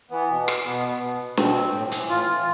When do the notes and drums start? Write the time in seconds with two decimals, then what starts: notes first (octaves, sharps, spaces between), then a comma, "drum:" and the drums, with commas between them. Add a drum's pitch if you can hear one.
0.10 E3 B3
0.28 B2
0.48 drum: rim click
0.65 B2 B3
1.01 B2
1.37 B2 C4, drum: snare
1.73 A2
1.92 E3, drum: hi-hat
2.09 A2 F4
2.27 E3